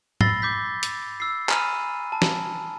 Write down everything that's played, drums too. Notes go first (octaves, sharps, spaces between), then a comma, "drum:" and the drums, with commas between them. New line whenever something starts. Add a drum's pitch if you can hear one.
B5 E6 A6 A#6 C7 G7, drum: tom G#2
D6 G6 B6
drum: hi-hat
E6 C7
G#5 A#5 B5 D#6 F6 D#7, drum: clap
A5
drum: snare